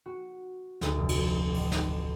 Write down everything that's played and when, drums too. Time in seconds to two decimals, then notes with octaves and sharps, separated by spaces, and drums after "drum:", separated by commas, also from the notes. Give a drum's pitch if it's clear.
0.06 F#4
0.81 D2, drum: snare
0.97 F1
1.09 drum: cymbal
1.54 A1, drum: open hi-hat
1.72 drum: snare